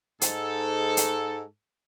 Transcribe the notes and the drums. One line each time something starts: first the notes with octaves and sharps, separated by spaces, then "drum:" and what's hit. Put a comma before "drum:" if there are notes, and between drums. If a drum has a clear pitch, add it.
G#2 A4, drum: hi-hat
drum: hi-hat